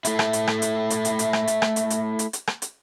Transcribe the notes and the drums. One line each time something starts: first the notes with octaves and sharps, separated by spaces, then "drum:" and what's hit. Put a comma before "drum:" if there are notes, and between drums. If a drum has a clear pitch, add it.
A3 E4, drum: hi-hat
drum: rim click
drum: hi-hat
drum: rim click
drum: hi-hat
drum: hi-hat
drum: hi-hat
drum: hi-hat
drum: rim click
drum: hi-hat
drum: rim click
drum: hi-hat
drum: hi-hat
drum: hi-hat
drum: hi-hat
drum: rim click
drum: hi-hat